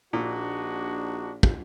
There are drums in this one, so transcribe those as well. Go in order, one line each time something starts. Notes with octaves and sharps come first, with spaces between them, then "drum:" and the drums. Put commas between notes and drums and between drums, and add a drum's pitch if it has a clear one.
A#1 A#2 D4 D#4 F#4
drum: kick